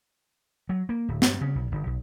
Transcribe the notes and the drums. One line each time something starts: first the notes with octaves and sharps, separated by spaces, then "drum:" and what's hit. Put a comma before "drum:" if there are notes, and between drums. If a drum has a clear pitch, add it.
F#3
A#3
D1
G2, drum: snare
C#3
B1
G1
B1